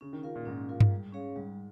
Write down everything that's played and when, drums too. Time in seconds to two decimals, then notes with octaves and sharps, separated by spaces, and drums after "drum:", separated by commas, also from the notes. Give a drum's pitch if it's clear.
0.01 C#3 C#4
0.13 D#3
0.23 C#3 F4 A#4 F5
0.35 A#2
0.46 G#2 C#4
0.69 F4 A#4 F5
0.80 drum: tom G2
0.91 G3
1.13 C#4 G#4 C#5 F5
1.36 G#2 G3